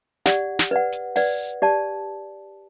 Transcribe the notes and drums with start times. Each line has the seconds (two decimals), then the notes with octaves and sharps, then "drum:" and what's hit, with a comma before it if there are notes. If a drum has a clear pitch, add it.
0.26 G4 D5 F#5, drum: snare
0.59 drum: snare
0.71 B4 D5 F#5
0.92 drum: hi-hat
1.16 B4 D5 F#5, drum: open hi-hat
1.62 G4 D5 A5